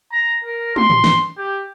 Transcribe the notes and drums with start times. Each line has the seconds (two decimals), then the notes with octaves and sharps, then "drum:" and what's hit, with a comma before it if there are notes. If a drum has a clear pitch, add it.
0.12 A#5
0.45 A#4
0.76 C6, drum: tom
0.90 drum: tom
1.04 drum: snare
1.38 G4